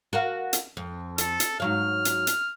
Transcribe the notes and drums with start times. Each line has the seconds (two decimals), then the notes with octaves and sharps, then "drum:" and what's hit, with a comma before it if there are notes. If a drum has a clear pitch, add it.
0.13 F#4 A#4 F5
0.53 drum: hi-hat
0.77 F2
1.18 A4, drum: hi-hat
1.40 drum: hi-hat
1.60 G#2 F#3 F5 F6
2.05 drum: hi-hat
2.27 drum: hi-hat